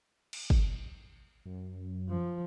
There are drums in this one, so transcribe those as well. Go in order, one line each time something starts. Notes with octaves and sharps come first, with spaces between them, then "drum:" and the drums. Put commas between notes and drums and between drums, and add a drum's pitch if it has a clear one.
drum: cymbal
drum: kick
F#2
F3